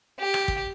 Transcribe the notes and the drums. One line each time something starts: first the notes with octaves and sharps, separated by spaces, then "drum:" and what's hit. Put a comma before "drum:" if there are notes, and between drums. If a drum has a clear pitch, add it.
G4
drum: rim click
drum: kick